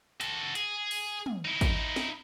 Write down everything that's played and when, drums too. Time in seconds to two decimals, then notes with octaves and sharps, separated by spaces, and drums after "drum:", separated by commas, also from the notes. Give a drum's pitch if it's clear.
0.21 F#4 A4, drum: hi-hat
0.55 G#4, drum: hi-hat
0.91 drum: open hi-hat
1.26 drum: tom
1.45 D#4 E4
1.61 drum: kick, hi-hat
1.96 drum: snare